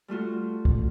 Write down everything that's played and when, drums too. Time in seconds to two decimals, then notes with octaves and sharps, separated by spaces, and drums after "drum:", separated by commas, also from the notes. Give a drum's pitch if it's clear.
0.08 G3 A3 F4 F#4
0.65 drum: kick